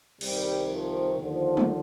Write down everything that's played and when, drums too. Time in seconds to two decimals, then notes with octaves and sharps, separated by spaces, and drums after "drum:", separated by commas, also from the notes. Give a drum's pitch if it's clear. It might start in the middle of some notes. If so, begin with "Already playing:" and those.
0.21 C2 C3 D#3 G3, drum: cymbal
0.70 F3
1.18 D#2 D3 F3
1.57 drum: tom